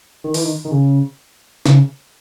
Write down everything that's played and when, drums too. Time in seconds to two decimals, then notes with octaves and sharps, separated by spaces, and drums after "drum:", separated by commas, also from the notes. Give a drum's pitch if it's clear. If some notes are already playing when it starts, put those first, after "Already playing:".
0.24 D#3
0.34 E3, drum: open hi-hat
0.44 D#3
0.65 D#3
0.71 C#3
1.66 C#3, drum: snare